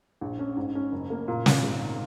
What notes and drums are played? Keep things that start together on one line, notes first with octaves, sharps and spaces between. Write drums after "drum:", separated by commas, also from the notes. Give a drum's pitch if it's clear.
A#1
C#4
G#2
C#4
F#1
A#3
A#2
A#2, drum: snare
G#1